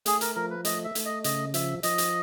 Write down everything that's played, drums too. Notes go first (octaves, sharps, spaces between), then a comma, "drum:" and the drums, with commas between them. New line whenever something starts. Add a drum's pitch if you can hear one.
A3 G#4, drum: hi-hat
A#4, drum: hi-hat
F3 A#4
B4
A3 D#5, drum: hi-hat
E5
A3, drum: hi-hat
D#5
C#3 D#5, drum: hi-hat
F3 E5, drum: hi-hat
F3 D#5, drum: hi-hat
drum: hi-hat